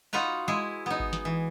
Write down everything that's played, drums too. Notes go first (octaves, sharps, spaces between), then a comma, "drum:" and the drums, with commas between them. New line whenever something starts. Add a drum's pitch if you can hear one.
D#4 F4 F#4 B4 A#5
G#3 E4 G#4
B3 D#4
drum: kick G#1
drum: snare
E3